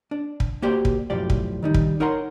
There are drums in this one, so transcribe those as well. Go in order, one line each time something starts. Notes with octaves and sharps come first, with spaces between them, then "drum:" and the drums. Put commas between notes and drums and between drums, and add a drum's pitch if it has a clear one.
D4
drum: kick
A#3 F#4 G4 C5 D5 G5
drum: kick
B1 F#2 A2 F3 G4 D5
drum: kick
D#3 G3 D#4
drum: kick
D#4 A#4 C#5 F#5 A#5 C6